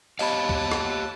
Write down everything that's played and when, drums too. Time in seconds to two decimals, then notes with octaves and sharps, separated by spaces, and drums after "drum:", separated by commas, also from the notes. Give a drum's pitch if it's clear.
0.19 G4 C#5 D#5 F5 A5 B5, drum: open hi-hat
0.49 drum: kick
0.72 drum: rim click